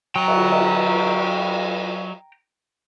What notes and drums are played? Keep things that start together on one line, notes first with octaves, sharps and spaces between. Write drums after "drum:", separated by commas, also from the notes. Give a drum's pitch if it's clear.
F#3 G5 A#5
drum: cymbal
drum: cymbal